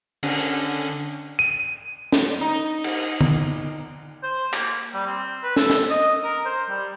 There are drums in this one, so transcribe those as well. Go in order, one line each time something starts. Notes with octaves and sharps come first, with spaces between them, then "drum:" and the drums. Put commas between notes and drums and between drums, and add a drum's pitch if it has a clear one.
D3 C#4 D4, drum: cymbal
drum: hi-hat
D#7
drum: snare
D#4
drum: cymbal
drum: tom
C5
A#3, drum: clap
G3
C4
B4
A4, drum: snare
drum: snare
D#5
A#4
C5
G3